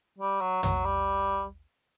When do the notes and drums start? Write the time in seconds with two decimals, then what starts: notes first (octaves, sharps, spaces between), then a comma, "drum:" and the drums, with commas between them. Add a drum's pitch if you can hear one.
0.19 G3
0.41 F#3
0.63 F#3, drum: tom
0.85 G3